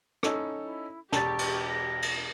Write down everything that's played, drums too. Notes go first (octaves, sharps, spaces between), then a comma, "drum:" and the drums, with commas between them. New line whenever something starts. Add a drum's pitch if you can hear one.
C#4 D#4 E4 A4, drum: rim click
E4
E1 G4 A5 C#6 A6, drum: snare
drum: cymbal
A#6
drum: cymbal